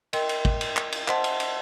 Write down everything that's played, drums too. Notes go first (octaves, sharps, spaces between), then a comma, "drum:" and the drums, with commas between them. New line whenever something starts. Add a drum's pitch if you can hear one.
A#4 D#5 G5 C6, drum: cymbal
drum: cymbal
drum: kick
drum: cymbal
drum: clap
drum: cymbal
C5 D#5 F#5 A5 C6, drum: clap
drum: cymbal
drum: cymbal